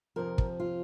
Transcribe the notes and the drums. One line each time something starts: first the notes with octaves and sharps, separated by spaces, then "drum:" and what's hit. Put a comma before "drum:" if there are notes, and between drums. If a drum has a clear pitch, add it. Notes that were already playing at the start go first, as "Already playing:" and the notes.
F2 C3 F3 A#4
drum: kick
F4